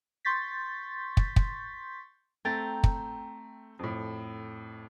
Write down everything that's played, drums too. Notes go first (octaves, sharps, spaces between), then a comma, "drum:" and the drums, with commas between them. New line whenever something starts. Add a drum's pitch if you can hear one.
C6 C#6 G6 A6 B6
drum: kick
drum: kick
A3 C4 G5 A#5 A6
drum: kick
F2 A2